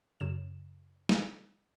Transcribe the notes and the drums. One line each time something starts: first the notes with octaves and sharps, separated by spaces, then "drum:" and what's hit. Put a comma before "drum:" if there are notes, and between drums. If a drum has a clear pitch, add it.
F#2 C#3 E7
drum: snare